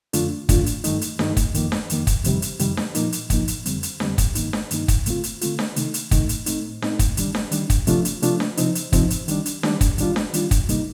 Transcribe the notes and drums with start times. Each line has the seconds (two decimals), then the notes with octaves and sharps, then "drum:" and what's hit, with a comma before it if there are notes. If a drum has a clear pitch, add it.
0.13 F2 D3 A3 D4 F4, drum: hi-hat
0.49 F2 D3 A3 D4 F4, drum: kick, hi-hat
0.66 drum: hi-hat
0.84 G2 D#3 A3 D#4, drum: hi-hat
1.01 drum: hi-hat
1.19 G2 D#3 A3 D#4, drum: snare D4
1.37 drum: kick, hi-hat
1.54 F2 D#3 A#3, drum: hi-hat
1.72 drum: snare D4
1.90 F2 D#3 A#3, drum: hi-hat
2.07 drum: kick, hi-hat
2.24 F2 C3 D#3 G3, drum: hi-hat
2.42 drum: hi-hat
2.59 F2 C3 D#3 G3, drum: hi-hat
2.77 drum: snare D4
2.95 A#2 F3 A#3 D#4, drum: hi-hat
3.12 drum: hi-hat
3.30 A#2 F3 A#3 D#4, drum: kick, hi-hat
3.48 drum: hi-hat
3.66 F2 D3 G3 C4, drum: hi-hat
3.83 drum: hi-hat
4.00 F2 D3 G3 C4, drum: snare D4
4.18 drum: kick, hi-hat
4.35 G2 D#3 A#3 D#4, drum: hi-hat
4.53 drum: snare D4
4.71 G2 D#3 A#3 D#4, drum: hi-hat
4.88 drum: kick, hi-hat
5.06 D3 A3 C4 F4, drum: hi-hat
5.23 drum: hi-hat
5.41 D3 A3 C4 F4, drum: hi-hat
5.59 drum: snare D4
5.76 C3 D#3 A3 D#4, drum: hi-hat
5.94 drum: hi-hat
6.11 C3 D#3 A3 D#4, drum: kick, hi-hat
6.29 drum: hi-hat
6.46 A2 A3 C4 D#4, drum: hi-hat
6.82 A2 A3 C4 D#4, drum: snare D4
6.99 drum: kick, hi-hat
7.17 D#3 G3 D4, drum: hi-hat
7.35 drum: snare D4
7.52 D#3 G3 D4, drum: hi-hat
7.70 drum: kick, hi-hat
7.87 C3 F3 A3 D4 F4, drum: hi-hat
8.05 drum: hi-hat
8.22 C3 F3 A3 D4 F4, drum: hi-hat
8.40 drum: snare D4
8.57 C3 F3 C4 D#4, drum: hi-hat
8.75 drum: hi-hat
8.93 C3 F3 C4 D#4, drum: kick, hi-hat
9.10 drum: hi-hat
9.28 D#3 G3 D4, drum: hi-hat
9.46 drum: hi-hat
9.63 D#3 G3 D4, drum: snare D4
9.81 drum: kick, hi-hat
9.98 D#3 G3 D4 F4, drum: hi-hat
10.16 drum: snare D4
10.34 D#3 G3 D4 F4, drum: hi-hat
10.51 drum: kick, hi-hat
10.69 C3 G3 A#3 D#4, drum: hi-hat